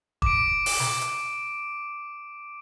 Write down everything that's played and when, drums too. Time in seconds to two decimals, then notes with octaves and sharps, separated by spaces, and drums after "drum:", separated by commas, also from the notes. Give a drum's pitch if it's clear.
0.22 D6 D7, drum: kick E1
0.66 drum: open hi-hat
0.80 drum: snare
1.01 drum: hi-hat